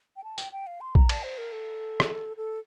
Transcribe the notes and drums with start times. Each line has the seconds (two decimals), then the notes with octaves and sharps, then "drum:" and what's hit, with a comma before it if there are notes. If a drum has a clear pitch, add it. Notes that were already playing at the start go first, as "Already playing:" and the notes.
0.16 G5
0.24 A5
0.38 G5, drum: tambourine
0.52 G5
0.67 F5
0.81 C6
0.95 A#5, drum: kick A#1
1.09 A5, drum: cymbal
1.23 C5
1.38 A#4
1.52 A4
2.00 drum: rim click
2.37 A4